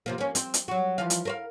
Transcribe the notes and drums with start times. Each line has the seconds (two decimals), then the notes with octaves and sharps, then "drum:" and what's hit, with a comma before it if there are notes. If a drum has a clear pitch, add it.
0.06 C3 F3 A#3
0.18 A#3 C#4
0.35 C4, drum: hi-hat
0.54 drum: hi-hat
0.68 F#3 F#4
0.98 E3 F3 F5
1.10 drum: hi-hat
1.25 A#4 C5 F5